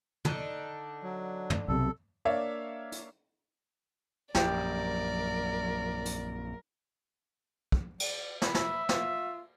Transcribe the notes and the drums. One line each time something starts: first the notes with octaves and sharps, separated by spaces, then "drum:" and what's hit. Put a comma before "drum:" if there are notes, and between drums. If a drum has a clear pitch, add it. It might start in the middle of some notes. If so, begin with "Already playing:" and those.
D3 D4 D#4, drum: tom
F#3
drum: tom
B1 C3 A4
A#3 D4 C#5 D5 E5 F5
drum: hi-hat
A#1 F#2 F#3 G4 A#4 D5, drum: snare
drum: hi-hat
drum: kick
D5, drum: cymbal
B5, drum: snare
E5, drum: snare
F4, drum: snare